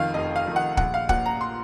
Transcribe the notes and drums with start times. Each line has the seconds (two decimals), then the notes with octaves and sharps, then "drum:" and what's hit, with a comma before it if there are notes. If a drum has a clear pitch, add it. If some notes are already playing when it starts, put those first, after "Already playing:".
Already playing: F1 F2 D#3 F5
0.14 F1 D#5
0.36 F5
0.46 F2 D#3
0.56 F#5
0.77 A#1 F#5, drum: kick
0.94 F5
1.09 A#2 F3 F#5, drum: kick
1.26 A#5
1.41 C6